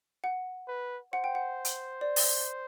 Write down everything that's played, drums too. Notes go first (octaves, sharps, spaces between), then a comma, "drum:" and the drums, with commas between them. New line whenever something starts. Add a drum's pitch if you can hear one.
F#5
B4
C5 F#5
G5
F#5
drum: hi-hat
D5
drum: open hi-hat